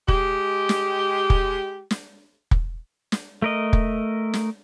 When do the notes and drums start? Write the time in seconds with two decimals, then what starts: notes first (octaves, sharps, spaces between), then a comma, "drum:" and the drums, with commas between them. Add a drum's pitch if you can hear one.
0.08 G#3 G4, drum: kick
0.69 drum: snare
1.30 drum: kick
1.91 drum: snare
2.51 drum: kick
3.12 drum: snare
3.42 A3 A#4 D#5
3.73 drum: kick
4.34 drum: snare